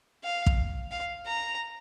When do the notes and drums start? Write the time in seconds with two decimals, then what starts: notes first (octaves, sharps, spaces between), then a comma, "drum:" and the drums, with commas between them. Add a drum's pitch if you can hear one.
0.24 F5
0.46 drum: kick
0.91 F5
1.26 A#5